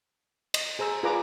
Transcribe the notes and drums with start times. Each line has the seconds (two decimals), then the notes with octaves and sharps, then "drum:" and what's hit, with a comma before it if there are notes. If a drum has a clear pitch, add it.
0.54 D#5, drum: cymbal
0.79 G#4 C5 A#5 E6
1.03 F4 G#4 B4 D5 A#5 D6